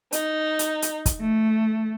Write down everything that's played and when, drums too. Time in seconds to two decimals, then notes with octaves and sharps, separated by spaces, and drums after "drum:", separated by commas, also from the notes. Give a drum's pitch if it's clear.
0.12 D#4, drum: hi-hat
0.59 drum: hi-hat
0.82 drum: hi-hat
1.06 drum: kick, hi-hat
1.20 A3